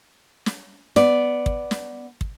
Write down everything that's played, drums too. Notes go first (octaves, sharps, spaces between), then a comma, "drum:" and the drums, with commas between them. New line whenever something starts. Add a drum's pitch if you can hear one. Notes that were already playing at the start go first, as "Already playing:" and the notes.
drum: snare
B3 D5, drum: snare
drum: kick
drum: snare
drum: kick